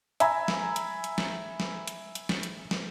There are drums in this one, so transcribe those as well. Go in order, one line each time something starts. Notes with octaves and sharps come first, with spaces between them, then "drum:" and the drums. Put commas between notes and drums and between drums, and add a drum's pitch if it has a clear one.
E5 G#5 A#5 B5, drum: hi-hat
drum: snare
drum: hi-hat
drum: hi-hat
drum: snare
drum: snare
drum: hi-hat
drum: hi-hat
drum: snare
drum: hi-hat
drum: snare